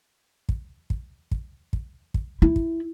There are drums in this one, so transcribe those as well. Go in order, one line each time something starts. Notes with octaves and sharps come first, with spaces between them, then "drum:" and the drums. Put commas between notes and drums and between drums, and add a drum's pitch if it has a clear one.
drum: kick
drum: kick
drum: kick
drum: kick
drum: kick
E4
drum: kick